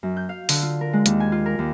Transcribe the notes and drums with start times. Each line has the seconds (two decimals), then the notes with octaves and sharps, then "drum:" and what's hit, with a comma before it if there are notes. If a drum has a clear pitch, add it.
0.03 F#2
0.16 G6
0.29 F5
0.49 D3, drum: open hi-hat
0.63 F4
0.81 A#4
0.93 G#3
1.06 D#2, drum: hi-hat
1.20 G#5
1.32 F4
1.46 A#4
1.59 D#2